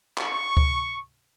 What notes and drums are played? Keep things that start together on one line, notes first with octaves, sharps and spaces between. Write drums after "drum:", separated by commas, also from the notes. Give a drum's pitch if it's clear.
C#6, drum: clap
drum: kick C#2